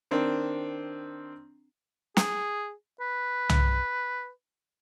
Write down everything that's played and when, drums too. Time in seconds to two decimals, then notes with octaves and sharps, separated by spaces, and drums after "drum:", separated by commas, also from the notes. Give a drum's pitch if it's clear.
0.11 D#3 C4 D4
2.17 G#4, drum: snare
3.01 B4
3.49 drum: tom C2